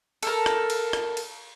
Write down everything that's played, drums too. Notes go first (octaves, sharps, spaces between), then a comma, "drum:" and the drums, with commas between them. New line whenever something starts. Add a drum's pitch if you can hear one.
A4 A#4, drum: cymbal
drum: rim click
drum: cymbal
drum: rim click
drum: cymbal